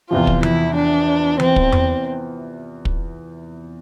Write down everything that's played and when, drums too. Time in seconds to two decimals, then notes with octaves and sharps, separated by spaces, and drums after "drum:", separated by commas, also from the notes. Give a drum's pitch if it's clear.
0.11 E2 C3 F3 F4
0.27 drum: kick
0.43 E4, drum: tom E3
0.75 D4
1.40 C4, drum: tom E3
1.56 drum: kick
1.72 drum: tom E2
2.85 drum: kick